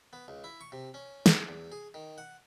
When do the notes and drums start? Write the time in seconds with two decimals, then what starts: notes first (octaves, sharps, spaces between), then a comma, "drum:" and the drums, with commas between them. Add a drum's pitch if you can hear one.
0.13 B3
0.28 C#2
0.44 E4
0.61 C#6
0.72 C3
0.94 C#4
1.26 G#4, drum: snare
1.49 E2
1.72 G#4
1.94 D#3
2.18 F#5